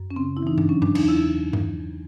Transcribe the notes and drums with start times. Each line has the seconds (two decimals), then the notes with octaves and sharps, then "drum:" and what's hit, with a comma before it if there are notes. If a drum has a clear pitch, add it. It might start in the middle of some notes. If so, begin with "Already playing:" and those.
Already playing: F#2
0.11 C#4
0.16 C#3 C4
0.37 E4
0.43 E3 D#4
0.58 D4, drum: tom G2
0.69 F#3 C#4
0.82 D4, drum: tom G2
0.95 E2 D#4, drum: cymbal
1.08 E4
1.53 drum: tom G2